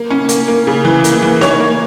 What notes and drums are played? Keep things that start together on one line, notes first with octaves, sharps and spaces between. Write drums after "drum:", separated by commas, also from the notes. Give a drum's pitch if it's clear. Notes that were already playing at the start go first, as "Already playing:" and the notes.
Already playing: A#3
C#4
A#3, drum: hi-hat
A#3
C#3
E3
A#3, drum: hi-hat
E3
C#5, drum: snare D#4
A#3